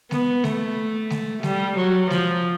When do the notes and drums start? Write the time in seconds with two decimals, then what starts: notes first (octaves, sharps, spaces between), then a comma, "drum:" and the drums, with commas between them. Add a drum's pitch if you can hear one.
0.11 B3, drum: snare G#3
0.44 A3, drum: snare G#3
1.10 drum: snare G#3
1.43 G3, drum: snare G#3
1.77 F#3
2.10 F3, drum: snare G#3